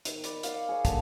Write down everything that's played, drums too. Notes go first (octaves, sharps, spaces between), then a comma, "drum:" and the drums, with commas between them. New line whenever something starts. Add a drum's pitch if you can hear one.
D#3, drum: hi-hat
D5 B5, drum: hi-hat
F5 F#5, drum: hi-hat
G#4 C#5
A#2 D3 A4, drum: kick, hi-hat